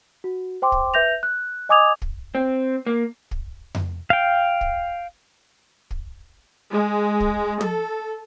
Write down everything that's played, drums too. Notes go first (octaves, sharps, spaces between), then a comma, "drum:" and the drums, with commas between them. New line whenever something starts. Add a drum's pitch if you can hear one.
F#4
C5 G5 C6 D6
drum: kick
B4 E5 G6 A#6 F7
F#6
D#5 G#5 D6 D#6 G#6 F7
drum: kick
C4
A#3
drum: kick
drum: tom F2
F5 G5
drum: kick
drum: kick
G#3
drum: kick
A4, drum: tom